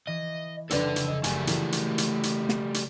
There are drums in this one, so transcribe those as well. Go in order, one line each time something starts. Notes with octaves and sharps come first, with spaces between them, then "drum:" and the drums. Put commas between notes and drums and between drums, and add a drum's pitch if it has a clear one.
E3 D#5
F1 C#3 G3 D4 A4 B4 D5 F#5, drum: hi-hat
drum: hi-hat
G#4 D#5
F#1 G3 A3 G#5, drum: hi-hat
E3 A#3 F4 F#4, drum: hi-hat
drum: hi-hat
drum: hi-hat
drum: hi-hat
drum: snare
drum: hi-hat